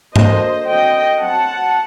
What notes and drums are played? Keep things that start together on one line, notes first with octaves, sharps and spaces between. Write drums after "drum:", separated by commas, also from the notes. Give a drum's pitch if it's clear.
D3 F#3 A#3 C5 D#5, drum: tom G#2
D3 F#3 C4 D#5 G5
F#3 C4 F#5 A5